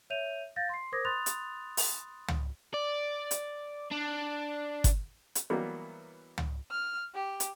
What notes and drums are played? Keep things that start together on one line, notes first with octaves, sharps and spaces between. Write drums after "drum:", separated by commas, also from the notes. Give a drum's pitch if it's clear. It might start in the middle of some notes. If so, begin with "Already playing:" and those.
C#5 E5 G6 D#7 F7
F5 G6 A6 A#6
C6 C7
A#4 C5 D6 D#6 G#6 A#6
B5 C6 D#6 F#6 A6 F7
drum: hi-hat
drum: open hi-hat
drum: tom
D5
drum: hi-hat
D4
drum: kick G1, hi-hat
drum: hi-hat
E3 F#3 G3 A#3 B3
drum: tom
F6
G4
drum: hi-hat